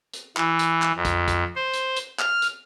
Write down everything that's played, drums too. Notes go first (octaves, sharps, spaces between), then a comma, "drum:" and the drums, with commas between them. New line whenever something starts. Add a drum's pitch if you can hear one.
drum: hi-hat
E3, drum: clap
drum: hi-hat
drum: clap
F2
drum: kick, hi-hat
drum: kick, hi-hat
C5
drum: hi-hat
drum: hi-hat
F6, drum: clap
drum: hi-hat